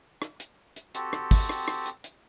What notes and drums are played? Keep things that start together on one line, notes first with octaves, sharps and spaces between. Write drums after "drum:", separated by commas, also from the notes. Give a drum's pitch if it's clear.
drum: rim click
drum: hi-hat
drum: hi-hat
C4 F#4 G4 A4, drum: hi-hat
drum: rim click
drum: kick, open hi-hat
drum: rim click
drum: rim click
drum: hi-hat
drum: hi-hat